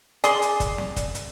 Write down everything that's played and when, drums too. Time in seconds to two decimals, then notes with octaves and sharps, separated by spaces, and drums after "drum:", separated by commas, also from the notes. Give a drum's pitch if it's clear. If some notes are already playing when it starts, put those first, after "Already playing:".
0.24 G#4 D5 C6, drum: hi-hat
0.42 drum: hi-hat
0.60 drum: kick, hi-hat
0.78 drum: snare
0.96 drum: kick, hi-hat
1.15 drum: hi-hat